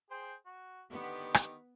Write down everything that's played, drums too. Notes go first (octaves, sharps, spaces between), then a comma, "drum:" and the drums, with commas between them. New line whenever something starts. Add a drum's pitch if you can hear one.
G#4 C5 G5
F#4
D3 D#3 B3 G4
drum: rim click